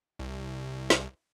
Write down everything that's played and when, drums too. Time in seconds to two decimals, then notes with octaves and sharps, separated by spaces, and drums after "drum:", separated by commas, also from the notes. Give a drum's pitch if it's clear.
0.19 C2
0.90 drum: snare